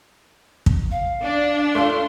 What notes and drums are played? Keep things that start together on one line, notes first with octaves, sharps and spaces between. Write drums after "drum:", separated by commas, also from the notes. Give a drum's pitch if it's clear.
drum: kick
F5
D4 D5
A3 F4 A4 C6